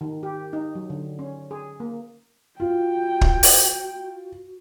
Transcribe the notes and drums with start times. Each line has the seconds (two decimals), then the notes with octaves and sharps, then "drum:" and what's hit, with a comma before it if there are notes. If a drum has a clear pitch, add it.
0.01 D#3
0.23 G4
0.53 D#4
0.75 F#3
0.90 D3
1.19 C#4
1.51 G#4
1.80 A#3
2.60 F4 F#4 G5
3.21 drum: kick
3.43 drum: open hi-hat